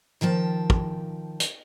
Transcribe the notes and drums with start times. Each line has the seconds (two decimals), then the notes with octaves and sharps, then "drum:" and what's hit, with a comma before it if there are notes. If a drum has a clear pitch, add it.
0.21 D#3 F3 G5 A5
0.70 drum: kick
1.40 drum: hi-hat